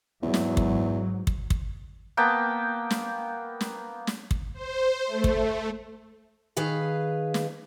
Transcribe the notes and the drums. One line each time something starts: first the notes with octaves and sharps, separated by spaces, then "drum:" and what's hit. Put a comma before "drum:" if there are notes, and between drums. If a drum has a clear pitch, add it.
E2 G#2 F#3
drum: snare
drum: kick
drum: kick
drum: kick
A#3 B3 G5 A5
drum: snare
drum: snare
drum: snare
drum: kick
C5
A3
drum: kick
D#3 G#4 B4 F5
drum: snare